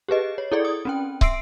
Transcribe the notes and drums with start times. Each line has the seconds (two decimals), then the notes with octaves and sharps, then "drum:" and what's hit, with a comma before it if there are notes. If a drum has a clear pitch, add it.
0.08 G4 G#4 B4 D#5
0.38 C#5
0.52 E4 G#4 A4 D5
0.65 D#6
0.85 C4 C#4 G5
1.21 E5 C6 E6 C7 D7, drum: kick